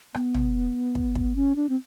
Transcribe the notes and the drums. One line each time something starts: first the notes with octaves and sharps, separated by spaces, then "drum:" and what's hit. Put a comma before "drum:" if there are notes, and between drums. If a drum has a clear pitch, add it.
B3, drum: rim click
drum: tom
drum: kick
drum: kick
C#4
D4
C4